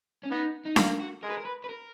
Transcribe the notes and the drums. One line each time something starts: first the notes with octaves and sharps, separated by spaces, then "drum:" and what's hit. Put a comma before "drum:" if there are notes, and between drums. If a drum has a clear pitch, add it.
C#4
B3 D#4
D#4
A#3 F4, drum: snare D4
F#4
G#3 A#4
B4
A#4
B4
B4
A#4